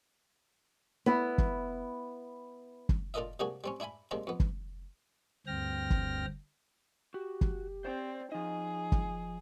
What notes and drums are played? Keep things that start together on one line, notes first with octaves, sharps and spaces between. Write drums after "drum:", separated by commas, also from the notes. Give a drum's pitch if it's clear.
B3 E4
drum: kick
drum: kick
D4 F4 A4 A#4 D#5 E5
C3 G3 A#3 D4 F#4 G#4
G3 C4 C#4
D4 E4 E5 G#5 B5
D#3 G3 G#3 A#3 C4 D4
F2 B3
drum: kick
D2 G2 C4 G5 F6 A#6
drum: kick
F#4 G4
drum: kick
C4 C5 D5
F3 D#4 G#4 D#5
drum: kick